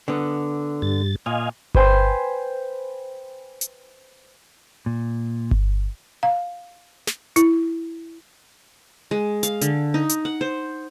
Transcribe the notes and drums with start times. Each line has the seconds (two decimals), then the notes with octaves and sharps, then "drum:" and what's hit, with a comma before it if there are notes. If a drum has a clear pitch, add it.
0.08 D3 B3
0.82 G2 A6
1.26 A#2 D#5 F5 G#5
1.75 B4 C5 G5 G#5 C6, drum: kick G1
3.61 drum: hi-hat
4.86 A#2
5.51 drum: kick G1
6.23 F5
7.07 drum: snare
7.36 E4, drum: hi-hat
9.11 G#3
9.43 F5, drum: hi-hat
9.61 D3, drum: hi-hat
9.94 D#4
10.09 drum: hi-hat
10.25 F#5
10.41 C5